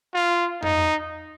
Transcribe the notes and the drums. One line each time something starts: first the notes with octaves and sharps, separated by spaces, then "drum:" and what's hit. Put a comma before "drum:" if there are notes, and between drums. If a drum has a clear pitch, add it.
F4
D#4, drum: tom F2